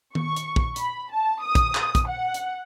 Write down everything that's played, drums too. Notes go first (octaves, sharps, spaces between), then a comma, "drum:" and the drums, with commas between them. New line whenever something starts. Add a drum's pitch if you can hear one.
C#6, drum: tom D#3
drum: hi-hat
drum: kick
B5, drum: hi-hat
A5
D#6
drum: kick, hi-hat
drum: clap
drum: kick, hi-hat
F#5
drum: hi-hat